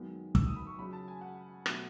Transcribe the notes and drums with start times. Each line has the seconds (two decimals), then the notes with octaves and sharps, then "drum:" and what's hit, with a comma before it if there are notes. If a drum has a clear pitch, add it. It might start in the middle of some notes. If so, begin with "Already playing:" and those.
Already playing: F#2 D#3 G#3 B3
0.35 E6, drum: kick
0.46 D#6
0.56 B5
0.67 C#6
0.78 F#2 C#3 F#3 B5
0.93 A5
1.08 G#5
1.21 F#5
1.66 B2 F#3 A3, drum: rim click